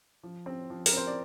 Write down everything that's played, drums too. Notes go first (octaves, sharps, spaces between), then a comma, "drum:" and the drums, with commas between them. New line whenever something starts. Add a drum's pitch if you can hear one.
F3
C4
F3
A#4, drum: open hi-hat
C4 C5
D5